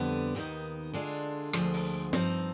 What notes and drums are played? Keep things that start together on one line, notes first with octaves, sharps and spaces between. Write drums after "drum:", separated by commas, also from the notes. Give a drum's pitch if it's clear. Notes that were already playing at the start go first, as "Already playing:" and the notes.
Already playing: F2 D3 G3 B3
D#2 D#3 B3 D#4
D3 G#3 D4 F4
D2 D3 F3 G#3, drum: rim click
drum: open hi-hat
G2 F3 C4 D#4, drum: snare